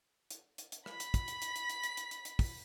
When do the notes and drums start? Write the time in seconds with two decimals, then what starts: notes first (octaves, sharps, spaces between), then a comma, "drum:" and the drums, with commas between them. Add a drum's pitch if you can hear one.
0.30 drum: hi-hat
0.58 drum: hi-hat
0.72 drum: hi-hat
0.86 B5 B6, drum: rim click
1.00 drum: hi-hat
1.14 drum: kick, hi-hat
1.28 drum: hi-hat
1.42 drum: hi-hat
1.56 drum: hi-hat
1.70 drum: hi-hat
1.83 drum: hi-hat
1.97 drum: hi-hat
2.11 drum: hi-hat
2.25 drum: hi-hat
2.39 drum: kick, open hi-hat